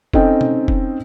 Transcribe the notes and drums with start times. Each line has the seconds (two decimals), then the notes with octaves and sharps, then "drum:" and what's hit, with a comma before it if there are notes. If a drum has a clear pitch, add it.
0.13 C4 C#4 D#4 A4 D#5 G5, drum: kick F1
0.41 drum: tom B2
0.68 drum: kick F1